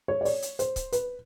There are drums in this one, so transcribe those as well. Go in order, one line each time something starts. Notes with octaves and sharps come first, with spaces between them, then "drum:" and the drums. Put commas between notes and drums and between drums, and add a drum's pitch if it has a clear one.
C#5
D5
C#5, drum: open hi-hat
drum: hi-hat
C5, drum: hi-hat
drum: kick C#1, hi-hat
B4, drum: hi-hat